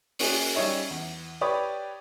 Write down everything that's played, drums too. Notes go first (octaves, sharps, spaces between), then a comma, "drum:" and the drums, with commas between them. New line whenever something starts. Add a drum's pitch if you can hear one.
A#3 C#4 F#4 G#4, drum: open hi-hat
G3 C#4 D#4 C#5 D#5 E5
E2
G4 B4 C#5 D5 C#6 D#6